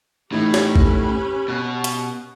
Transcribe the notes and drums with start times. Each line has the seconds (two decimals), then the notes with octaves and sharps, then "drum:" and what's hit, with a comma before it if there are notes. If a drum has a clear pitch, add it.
0.32 A2 E3 A3 C#4 D#4 G4 B4 B5
0.54 drum: snare
0.76 drum: kick A1
1.48 B2 F#6
1.84 drum: hi-hat